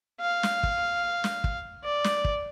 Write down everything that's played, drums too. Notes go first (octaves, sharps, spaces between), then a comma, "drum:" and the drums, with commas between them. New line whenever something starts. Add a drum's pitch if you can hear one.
F5
drum: snare
drum: kick
drum: snare
drum: kick
D5
drum: snare
drum: kick